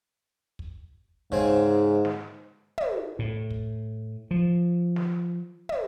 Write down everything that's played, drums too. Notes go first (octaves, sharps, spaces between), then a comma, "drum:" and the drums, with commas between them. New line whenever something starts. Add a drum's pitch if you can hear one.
drum: kick
G#2 C#3 C4 G#5, drum: kick
drum: snare
drum: tom
A2
drum: kick
F3
drum: snare
drum: tom